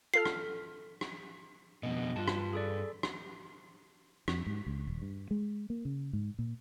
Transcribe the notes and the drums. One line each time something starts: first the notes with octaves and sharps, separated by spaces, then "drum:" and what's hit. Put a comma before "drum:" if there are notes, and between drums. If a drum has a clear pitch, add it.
F4 A4 F6 C7
drum: rim click
drum: rim click
F2 B2 D#5
G2 F4 A5
drum: rim click
G#4 A4 D5
drum: rim click
F2, drum: rim click
G#2
C#2
D#1
G2
G#3
A#3
C#3
G#2
A#2